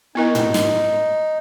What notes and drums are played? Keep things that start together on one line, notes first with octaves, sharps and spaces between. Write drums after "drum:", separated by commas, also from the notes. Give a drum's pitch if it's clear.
B3 D#4 E4 A#4
drum: tom
drum: snare